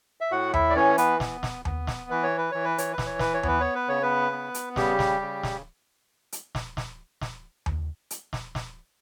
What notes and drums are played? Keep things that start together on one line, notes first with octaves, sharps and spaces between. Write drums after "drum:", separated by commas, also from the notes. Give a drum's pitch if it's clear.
E5
A2 F#4 F#5
E4 E5, drum: tom D#2
D5
E3 C#4 C#5
B3 B4, drum: hi-hat
B3, drum: snare
drum: snare
B3, drum: tom D#2
drum: snare
E3 B4
C#5
B4
E3 C#5
B4
C#5, drum: hi-hat
B4
E3, drum: snare
C#5
B4, drum: snare
C#5
B3 B4, drum: tom D#2
C#5
B4
C#3 C#5
B3 B4
B3
drum: hi-hat
C#3 G3 G4, drum: snare
drum: snare
C#3
drum: snare
drum: hi-hat
drum: snare
drum: snare
drum: snare
drum: tom D#2
drum: hi-hat
drum: snare
drum: snare